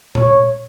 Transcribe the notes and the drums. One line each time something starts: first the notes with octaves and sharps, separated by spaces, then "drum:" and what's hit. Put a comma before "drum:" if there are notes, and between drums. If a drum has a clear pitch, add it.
C#5, drum: tom A#2